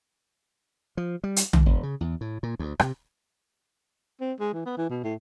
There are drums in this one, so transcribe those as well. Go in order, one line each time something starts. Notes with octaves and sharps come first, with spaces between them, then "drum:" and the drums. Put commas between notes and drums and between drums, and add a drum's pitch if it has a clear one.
F3
G3
drum: hi-hat
C#2, drum: tom
E1
C#3
E2
A2
A#2
D2
C3, drum: rim click
C4
G#3
E3
B3
E3
B2
A2